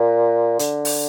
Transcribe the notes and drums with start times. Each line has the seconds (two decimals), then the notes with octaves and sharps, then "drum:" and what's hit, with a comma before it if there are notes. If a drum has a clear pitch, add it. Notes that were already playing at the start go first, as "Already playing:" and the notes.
Already playing: A#2
0.59 D3, drum: hi-hat
0.85 drum: open hi-hat